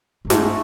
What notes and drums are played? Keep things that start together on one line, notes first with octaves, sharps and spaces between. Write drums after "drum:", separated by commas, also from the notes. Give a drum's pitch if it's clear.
G2
G#2 A3, drum: snare